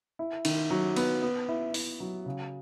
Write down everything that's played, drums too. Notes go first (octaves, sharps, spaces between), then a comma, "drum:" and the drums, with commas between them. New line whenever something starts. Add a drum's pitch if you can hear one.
E4
D#3, drum: cymbal
F#3
B3, drum: cymbal
B3
E4
E4, drum: open hi-hat
F#3
C#3